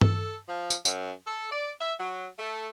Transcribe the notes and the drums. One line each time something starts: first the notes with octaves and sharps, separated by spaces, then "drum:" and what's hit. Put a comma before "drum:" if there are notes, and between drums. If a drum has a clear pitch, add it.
A4, drum: tom G2
F3
drum: tambourine
F#2, drum: tambourine
A4
D5
E5
F#3
A3